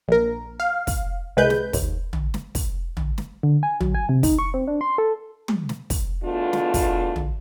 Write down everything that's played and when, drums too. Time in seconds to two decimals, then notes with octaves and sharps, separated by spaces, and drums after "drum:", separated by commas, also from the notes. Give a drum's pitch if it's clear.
0.08 A#1 A#4
0.60 F5
0.87 drum: kick, open hi-hat
1.37 C2 G#3 B4 G6
1.50 drum: snare
1.73 D#2, drum: kick, open hi-hat
2.13 drum: tom
2.34 drum: snare
2.55 drum: kick, open hi-hat
2.97 drum: tom
3.18 drum: snare
3.43 D3
3.63 G#5
3.81 F#3, drum: tom
3.95 G#5
4.09 C3
4.23 D#4, drum: kick, open hi-hat
4.39 C#6
4.54 C4
4.68 D4
4.81 C6
4.98 A4
5.48 drum: tom
5.69 drum: snare
5.90 drum: kick, open hi-hat
6.24 E2 B2 A3 D4 F4
6.53 drum: snare
6.74 drum: kick, open hi-hat
7.16 drum: tom